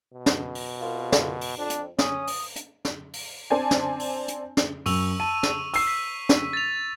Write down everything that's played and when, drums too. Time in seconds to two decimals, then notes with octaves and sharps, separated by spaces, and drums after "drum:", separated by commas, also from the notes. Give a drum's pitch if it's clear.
0.14 B2
0.26 drum: snare
0.55 drum: open hi-hat
0.80 C2 F4
1.12 drum: snare
1.41 drum: open hi-hat
1.58 F2 D4
1.70 drum: hi-hat
1.99 C#4 D#6, drum: snare
2.27 drum: open hi-hat
2.56 drum: hi-hat
2.85 drum: snare
3.13 drum: open hi-hat
3.50 C4 D4 D5 G#5 A5
3.71 drum: snare
4.00 drum: open hi-hat
4.28 drum: hi-hat
4.57 drum: snare
4.86 F#2 C#6 E6 F7, drum: open hi-hat
5.20 A5 D#7
5.43 drum: snare
5.74 E6 C7, drum: open hi-hat
5.87 B6
6.29 drum: snare
6.53 A6 F7